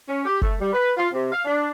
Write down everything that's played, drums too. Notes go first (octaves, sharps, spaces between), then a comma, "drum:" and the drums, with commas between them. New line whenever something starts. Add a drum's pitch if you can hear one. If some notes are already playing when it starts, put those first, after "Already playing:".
C#4
G4
A3, drum: kick F#1
G3
B4
F4
C3
F5
D4